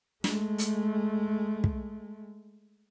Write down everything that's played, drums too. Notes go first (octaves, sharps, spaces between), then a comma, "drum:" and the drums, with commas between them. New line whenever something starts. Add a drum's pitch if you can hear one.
G#3 A3, drum: snare
drum: hi-hat
drum: kick